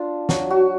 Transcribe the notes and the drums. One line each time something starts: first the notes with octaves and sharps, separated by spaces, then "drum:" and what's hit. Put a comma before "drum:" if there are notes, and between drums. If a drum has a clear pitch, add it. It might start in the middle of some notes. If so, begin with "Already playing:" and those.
Already playing: D4 F4
F#3 F#4, drum: snare
F#4